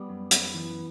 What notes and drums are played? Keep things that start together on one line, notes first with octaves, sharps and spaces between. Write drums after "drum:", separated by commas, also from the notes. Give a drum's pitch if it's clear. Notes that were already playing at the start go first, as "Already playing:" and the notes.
Already playing: G3 B3
F#2
F#2, drum: hi-hat
E3